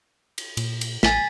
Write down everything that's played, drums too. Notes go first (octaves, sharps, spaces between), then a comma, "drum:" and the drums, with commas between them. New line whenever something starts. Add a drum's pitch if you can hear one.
drum: cymbal
A#2, drum: cymbal
drum: cymbal
A1 G#5 A6 B6, drum: snare